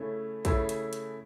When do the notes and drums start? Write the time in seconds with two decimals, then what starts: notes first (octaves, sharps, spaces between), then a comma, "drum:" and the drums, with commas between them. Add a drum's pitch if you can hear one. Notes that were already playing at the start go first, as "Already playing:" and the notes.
Already playing: C#3 A3 C#4 E4
0.45 C#3 A3 C#4 E4, drum: kick A#1, hi-hat
0.69 drum: hi-hat
0.93 drum: hi-hat